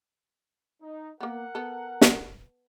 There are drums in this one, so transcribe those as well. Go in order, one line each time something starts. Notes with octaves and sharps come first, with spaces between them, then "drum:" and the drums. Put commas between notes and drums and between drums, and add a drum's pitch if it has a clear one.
D#4
A#3 B3 A#4 F#5
B3 A4
drum: snare